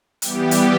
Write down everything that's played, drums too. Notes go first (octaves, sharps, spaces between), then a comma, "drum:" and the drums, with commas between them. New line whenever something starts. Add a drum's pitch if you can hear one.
E3 G3 B3 G4, drum: hi-hat
drum: hi-hat